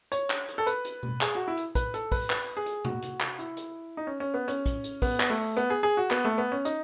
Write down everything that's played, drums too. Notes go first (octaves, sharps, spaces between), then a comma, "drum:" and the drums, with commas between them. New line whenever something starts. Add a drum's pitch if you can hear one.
C#5, drum: hi-hat
drum: clap
drum: hi-hat
A4
B4, drum: hi-hat
drum: hi-hat
drum: tom B2
G#4, drum: clap
F#4
E4
drum: hi-hat
B4, drum: kick A#1, hi-hat
A4, drum: hi-hat
B4, drum: kick A#1, open hi-hat
B4, drum: clap
G#4
drum: hi-hat
F#4, drum: tom C3
drum: hi-hat
drum: clap
E4, drum: hi-hat
drum: hi-hat
D#4
C#4
C#4
B3
C#4, drum: hi-hat
drum: kick A#1, hi-hat
drum: hi-hat
B3, drum: kick A#1, open hi-hat
drum: clap
A3
B3, drum: hi-hat
G#4
G#4
F#4
B3, drum: clap
A3
B3
C#4
D#4, drum: hi-hat